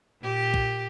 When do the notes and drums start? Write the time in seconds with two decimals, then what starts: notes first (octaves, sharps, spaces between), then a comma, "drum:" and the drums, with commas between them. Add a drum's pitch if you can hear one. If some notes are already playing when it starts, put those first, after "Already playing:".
0.21 A#2 G4
0.54 drum: kick